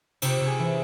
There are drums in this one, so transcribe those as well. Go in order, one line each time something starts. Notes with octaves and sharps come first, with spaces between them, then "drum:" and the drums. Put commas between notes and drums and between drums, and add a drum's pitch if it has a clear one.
C3 G4, drum: cymbal
C3
G#4
E3